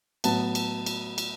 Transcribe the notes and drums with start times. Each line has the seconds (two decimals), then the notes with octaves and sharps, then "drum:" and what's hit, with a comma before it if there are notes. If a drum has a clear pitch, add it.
0.24 A2 F#3 B3 A5, drum: cymbal
0.55 drum: cymbal
0.86 drum: cymbal
1.18 drum: cymbal